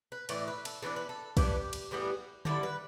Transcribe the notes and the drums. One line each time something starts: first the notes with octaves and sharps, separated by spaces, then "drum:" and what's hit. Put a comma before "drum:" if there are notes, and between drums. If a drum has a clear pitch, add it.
B4
A2 E3 A3 D5, drum: cymbal
B4
A4, drum: cymbal
E3 B3 D4 A4
B4
A4
E3 B3 D4 G4, drum: kick, cymbal
drum: cymbal
A2 E3 G3 B3
D3 G3 E4 A4, drum: tom D3
B4